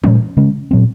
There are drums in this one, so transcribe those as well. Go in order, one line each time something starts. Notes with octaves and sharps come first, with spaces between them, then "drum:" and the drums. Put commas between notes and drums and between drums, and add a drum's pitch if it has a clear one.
A#2 F3 G#3 C#4, drum: tom
C#3 G#3 C#4
A#2 F#3 C4